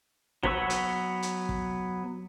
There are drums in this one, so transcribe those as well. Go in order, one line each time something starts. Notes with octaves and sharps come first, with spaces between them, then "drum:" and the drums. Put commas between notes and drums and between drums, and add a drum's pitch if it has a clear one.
F#3 B3 B4 C#6 E6, drum: kick
drum: hi-hat
drum: hi-hat
drum: kick